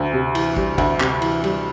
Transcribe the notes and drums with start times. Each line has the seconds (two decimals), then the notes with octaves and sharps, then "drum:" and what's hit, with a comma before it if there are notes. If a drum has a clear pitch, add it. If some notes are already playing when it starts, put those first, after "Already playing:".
Already playing: D2
0.13 C3
0.35 E3, drum: cymbal
0.57 G3, drum: kick
0.78 D2, drum: kick, cymbal
1.00 C3, drum: clap
1.22 E3, drum: cymbal
1.44 G3, drum: cymbal